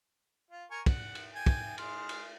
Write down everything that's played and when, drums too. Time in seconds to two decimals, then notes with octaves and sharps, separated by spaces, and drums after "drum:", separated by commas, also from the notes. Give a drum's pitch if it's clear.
0.50 F4
0.71 A#4 G#5 C#6
0.86 F#5, drum: kick, cymbal
1.15 drum: cymbal
1.35 G5 G#5
1.46 drum: kick, cymbal
1.78 G#3 C6 F6, drum: cymbal
2.09 drum: cymbal